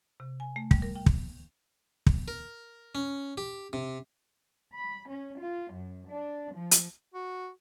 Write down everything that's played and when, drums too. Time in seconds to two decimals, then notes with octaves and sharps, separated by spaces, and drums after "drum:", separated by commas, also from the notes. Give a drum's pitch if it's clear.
0.20 C3
0.40 G#5
0.56 A3
0.71 G3, drum: kick
0.82 A#4
0.95 G5
1.06 drum: kick
2.06 drum: kick
2.28 A#4
2.95 C#4
3.38 G4
3.73 C3
4.73 B5
5.10 C#4
5.41 F4
5.74 F#2
6.10 D4
6.56 F3
6.71 drum: hi-hat
7.14 F#4